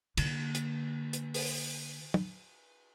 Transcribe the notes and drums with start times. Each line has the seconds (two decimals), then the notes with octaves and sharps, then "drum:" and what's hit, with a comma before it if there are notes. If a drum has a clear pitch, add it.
0.17 D3 A#3, drum: cymbal
0.55 drum: hi-hat
1.13 drum: hi-hat
1.34 drum: open hi-hat
2.14 drum: tom